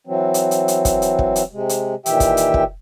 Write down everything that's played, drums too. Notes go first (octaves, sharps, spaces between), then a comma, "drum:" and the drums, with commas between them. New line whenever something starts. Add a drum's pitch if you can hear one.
E3 F#3 C4
drum: hi-hat
drum: hi-hat
drum: hi-hat
drum: kick, hi-hat
drum: hi-hat
drum: kick
drum: hi-hat
C3 G#3
drum: hi-hat
A#2 D#3 E3 G4 E5 G5, drum: hi-hat
drum: kick, hi-hat
drum: hi-hat
drum: kick